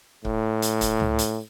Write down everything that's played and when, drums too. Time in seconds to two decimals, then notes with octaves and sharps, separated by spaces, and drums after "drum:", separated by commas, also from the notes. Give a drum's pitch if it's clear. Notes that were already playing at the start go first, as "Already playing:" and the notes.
0.25 A2, drum: kick C#1
0.62 drum: hi-hat
0.81 drum: kick C#1, hi-hat
1.00 drum: tom C#2
1.19 drum: hi-hat